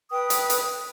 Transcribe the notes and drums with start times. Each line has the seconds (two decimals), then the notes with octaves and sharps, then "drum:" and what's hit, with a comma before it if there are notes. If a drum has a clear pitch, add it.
0.11 B4 G5 D#6
0.30 drum: hi-hat
0.50 drum: hi-hat